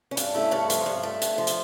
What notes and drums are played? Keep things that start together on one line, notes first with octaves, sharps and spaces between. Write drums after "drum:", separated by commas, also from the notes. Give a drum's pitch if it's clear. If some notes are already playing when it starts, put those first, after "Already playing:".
C#4
G2 D4, drum: hi-hat
A3 C#4 E4
G2 A4 C#5
F3, drum: hi-hat
G2
A3
G2, drum: hi-hat
F3
drum: hi-hat